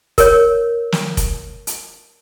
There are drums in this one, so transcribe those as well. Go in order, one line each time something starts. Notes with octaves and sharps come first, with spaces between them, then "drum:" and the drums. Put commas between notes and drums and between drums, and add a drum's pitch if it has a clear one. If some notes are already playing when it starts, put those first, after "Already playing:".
A#4 C#5, drum: kick F1, hi-hat
drum: snare
drum: kick F1, hi-hat
drum: hi-hat